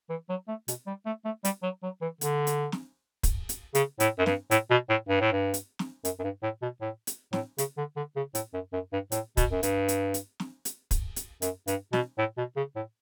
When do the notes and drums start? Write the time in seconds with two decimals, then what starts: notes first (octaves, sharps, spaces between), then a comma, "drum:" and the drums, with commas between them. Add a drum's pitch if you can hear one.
0.10 E3
0.29 F#3
0.48 A3
0.68 B2, drum: hi-hat
0.87 G3
1.06 A3
1.25 A3
1.45 G3, drum: hi-hat
1.63 F#3
1.83 F#3
2.02 E3
2.21 D3, drum: hi-hat
2.47 drum: hi-hat
2.72 drum: snare
3.23 drum: kick, hi-hat
3.49 drum: hi-hat
3.75 C#3, drum: hi-hat
4.00 A2, drum: hi-hat
4.19 F#2
4.26 G2, drum: snare
4.51 A2, drum: hi-hat
4.71 B2
4.90 A2
5.09 G2
5.21 A2
5.33 G2
5.54 drum: hi-hat
5.79 drum: snare
6.05 F#2, drum: hi-hat
6.20 F#2
6.24 G2
6.43 A2
6.62 B2
6.82 A2
7.07 drum: hi-hat
7.33 A2, drum: snare
7.58 C#3, drum: hi-hat
7.78 D3
7.97 D3
8.16 C#3
8.35 A2, drum: hi-hat
8.54 F#2
8.73 F#2
8.93 G2
9.12 A2, drum: hi-hat
9.37 B2, drum: kick, hi-hat
9.52 F#2
9.63 G2, drum: hi-hat
9.88 drum: hi-hat
10.14 drum: hi-hat
10.40 drum: snare
10.65 drum: hi-hat
10.91 drum: kick, hi-hat
11.16 drum: hi-hat
11.42 F#2, drum: hi-hat
11.68 G2, drum: hi-hat
11.93 B2, drum: snare
12.19 A2
12.38 B2
12.57 C#3
12.76 A2